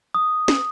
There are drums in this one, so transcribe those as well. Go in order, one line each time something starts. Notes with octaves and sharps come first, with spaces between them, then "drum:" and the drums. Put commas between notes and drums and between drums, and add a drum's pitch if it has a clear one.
D#6
drum: snare